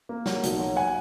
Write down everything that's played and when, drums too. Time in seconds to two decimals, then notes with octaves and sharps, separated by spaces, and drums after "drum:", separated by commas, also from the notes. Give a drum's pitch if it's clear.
0.09 A#3
0.26 F#3, drum: snare
0.43 B1, drum: hi-hat
0.59 F#3
0.76 F#5 G#5